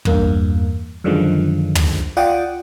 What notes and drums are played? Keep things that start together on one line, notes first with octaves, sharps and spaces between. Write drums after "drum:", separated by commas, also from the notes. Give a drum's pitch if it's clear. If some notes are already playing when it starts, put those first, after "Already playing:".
E2 G2 A#3, drum: kick
F#2 D3 D#3 F3 G#3
drum: tom
F4 D5 F#5 G5 D6 D#6